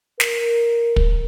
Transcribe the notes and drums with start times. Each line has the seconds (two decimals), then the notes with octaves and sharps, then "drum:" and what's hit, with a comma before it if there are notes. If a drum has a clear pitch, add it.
0.20 A#4, drum: snare
0.96 drum: kick